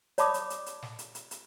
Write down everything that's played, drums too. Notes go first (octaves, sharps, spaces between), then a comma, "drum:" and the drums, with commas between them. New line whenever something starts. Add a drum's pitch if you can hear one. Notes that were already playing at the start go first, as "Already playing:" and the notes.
C#5 D5 A5 B5 D6 D#6, drum: hi-hat
drum: hi-hat
drum: hi-hat
drum: hi-hat
drum: snare
drum: hi-hat
drum: hi-hat
drum: hi-hat